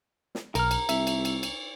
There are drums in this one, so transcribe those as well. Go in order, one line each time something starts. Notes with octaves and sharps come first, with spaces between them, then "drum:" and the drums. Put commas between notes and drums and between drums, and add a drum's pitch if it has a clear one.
drum: snare
B1 A#4 F6, drum: cymbal
drum: cymbal
C2 E5, drum: cymbal
drum: cymbal
drum: cymbal
drum: cymbal